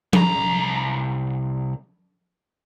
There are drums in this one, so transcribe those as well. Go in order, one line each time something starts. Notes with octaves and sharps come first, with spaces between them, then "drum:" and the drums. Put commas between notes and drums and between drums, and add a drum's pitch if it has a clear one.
C2 A#5, drum: tom F3